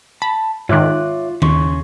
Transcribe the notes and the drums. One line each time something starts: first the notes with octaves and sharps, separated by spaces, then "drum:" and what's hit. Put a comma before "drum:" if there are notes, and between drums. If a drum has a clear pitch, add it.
A5 B5
G#2 D#3 F4 C#5 E5 D6 F#6
D#2 C#3 C6 C#6, drum: tom D#3